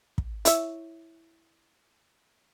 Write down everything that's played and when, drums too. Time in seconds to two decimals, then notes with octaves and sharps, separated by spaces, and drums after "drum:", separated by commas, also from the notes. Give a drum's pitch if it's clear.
0.18 drum: kick
0.45 E4 C#5 E5, drum: hi-hat